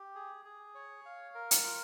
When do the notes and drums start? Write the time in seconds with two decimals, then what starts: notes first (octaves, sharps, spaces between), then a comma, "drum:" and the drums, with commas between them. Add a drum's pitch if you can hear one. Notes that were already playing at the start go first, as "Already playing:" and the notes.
Already playing: G4
0.15 G#4
0.45 G#4
0.75 C#5
1.05 F5
1.35 A#4
1.51 drum: hi-hat
1.64 F4